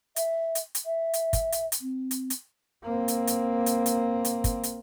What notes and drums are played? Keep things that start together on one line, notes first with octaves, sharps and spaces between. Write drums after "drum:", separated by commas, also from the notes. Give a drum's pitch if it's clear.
E5, drum: hi-hat
drum: hi-hat
drum: hi-hat
E5
drum: hi-hat
drum: kick, hi-hat
drum: hi-hat
drum: hi-hat
C4
drum: hi-hat
drum: hi-hat
A#3 C4
drum: hi-hat
drum: hi-hat
drum: hi-hat
drum: hi-hat
drum: hi-hat
drum: kick, hi-hat
drum: hi-hat